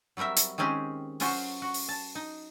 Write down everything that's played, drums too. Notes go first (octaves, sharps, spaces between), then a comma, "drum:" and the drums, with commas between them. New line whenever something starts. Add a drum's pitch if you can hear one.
F#3 G3 C4 A#4 E5
drum: hi-hat
D#3 G#3 C4 C#4 G4 G#4
F#3 C#4 F4 F#4 C5, drum: open hi-hat
F#4
drum: open hi-hat
A5
D#4